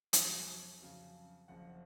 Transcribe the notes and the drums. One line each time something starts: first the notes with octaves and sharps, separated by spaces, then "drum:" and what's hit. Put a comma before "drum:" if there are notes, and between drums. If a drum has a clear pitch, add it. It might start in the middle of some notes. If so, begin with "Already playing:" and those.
F2 C3 F#3 G#5, drum: hi-hat
F2 C#3 F#3
F#1 F2 C#3 F3 F#5